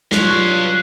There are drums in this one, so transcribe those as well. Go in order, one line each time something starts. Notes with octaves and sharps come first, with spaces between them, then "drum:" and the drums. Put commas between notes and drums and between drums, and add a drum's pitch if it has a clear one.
F#3 G3 F4 B4 C#5 F5 F#6, drum: snare